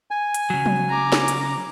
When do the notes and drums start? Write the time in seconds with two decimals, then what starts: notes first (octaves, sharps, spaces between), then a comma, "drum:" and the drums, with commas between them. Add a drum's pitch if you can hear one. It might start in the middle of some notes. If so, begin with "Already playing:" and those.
0.11 G#5
0.34 drum: hi-hat
0.50 C#3 F#3
0.66 drum: tom F3
0.90 A#5 D6
1.12 drum: snare
1.28 drum: hi-hat